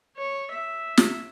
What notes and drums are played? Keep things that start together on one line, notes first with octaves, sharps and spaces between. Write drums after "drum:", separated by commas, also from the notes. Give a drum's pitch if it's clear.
C#5
E5
drum: snare